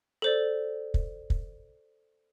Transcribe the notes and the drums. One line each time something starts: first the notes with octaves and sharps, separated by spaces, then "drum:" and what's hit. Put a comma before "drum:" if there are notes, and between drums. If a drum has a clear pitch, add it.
A4 C5 D5
drum: kick
drum: kick